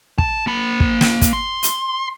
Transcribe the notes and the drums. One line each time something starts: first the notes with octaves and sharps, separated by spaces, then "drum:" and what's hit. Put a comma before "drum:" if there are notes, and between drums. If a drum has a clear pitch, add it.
A5, drum: kick
A#3 B5
drum: kick
drum: snare
drum: kick, hi-hat
C6
drum: hi-hat